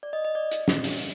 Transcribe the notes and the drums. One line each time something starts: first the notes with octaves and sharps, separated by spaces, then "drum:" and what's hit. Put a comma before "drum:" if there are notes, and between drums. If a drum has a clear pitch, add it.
D5
D#5
D#5
D5
drum: hi-hat
drum: snare
drum: open hi-hat